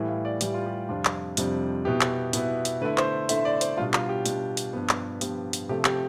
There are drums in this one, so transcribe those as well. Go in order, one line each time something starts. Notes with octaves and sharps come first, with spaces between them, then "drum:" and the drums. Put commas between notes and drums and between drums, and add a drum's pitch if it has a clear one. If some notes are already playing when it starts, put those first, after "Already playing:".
Already playing: A2 E3 G3
F5
D5
A2 E3 G3 G4, drum: hi-hat
F4
G4
F2 C3 G3 D4 F4
drum: clap
F2 C3 G3 D4, drum: hi-hat
B2 B3 E4 G4
drum: clap
B2 B3 E4, drum: hi-hat
drum: hi-hat
D3 A3 E4 B4
C5, drum: clap
D3 A3 E4 E5, drum: hi-hat
D5
C5, drum: hi-hat
B2 G3 D4 F4
F4, drum: clap
G4
B2 G3 D4, drum: hi-hat
drum: hi-hat
G2 F3 B3
drum: clap
G2 F3 B3 G4, drum: hi-hat
drum: hi-hat
C3 F3 A3 G4
G4, drum: clap